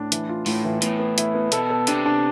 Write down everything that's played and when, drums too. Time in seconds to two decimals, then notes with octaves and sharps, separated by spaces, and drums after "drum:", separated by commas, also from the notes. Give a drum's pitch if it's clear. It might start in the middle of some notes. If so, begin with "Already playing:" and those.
Already playing: A2 D4
0.12 E3, drum: hi-hat
0.29 F4
0.46 A2 F4, drum: open hi-hat
0.65 E3
0.82 A2 B3, drum: hi-hat
0.99 B3
1.18 E4, drum: hi-hat
1.34 B3
1.52 B2 A4, drum: hi-hat
1.70 A4
1.87 C3 D4, drum: hi-hat
2.06 D4